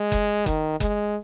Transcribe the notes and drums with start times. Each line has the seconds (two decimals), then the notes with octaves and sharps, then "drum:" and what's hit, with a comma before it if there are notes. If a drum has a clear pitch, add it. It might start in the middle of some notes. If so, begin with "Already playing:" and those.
Already playing: G#3
0.12 drum: kick F#1, hi-hat
0.46 D#3, drum: kick F#1, hi-hat
0.80 G#3, drum: kick F#1, hi-hat